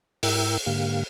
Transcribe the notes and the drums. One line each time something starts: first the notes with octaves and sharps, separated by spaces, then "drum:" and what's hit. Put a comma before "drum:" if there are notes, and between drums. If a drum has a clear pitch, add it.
G#2 E4 A#4 G5 E6, drum: open hi-hat
G#2 D3 A#3 G4 F5